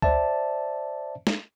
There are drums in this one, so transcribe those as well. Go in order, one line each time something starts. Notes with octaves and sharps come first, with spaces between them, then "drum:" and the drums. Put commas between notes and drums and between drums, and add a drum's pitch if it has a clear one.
C5 D5 E5 A5, drum: kick C#2
drum: snare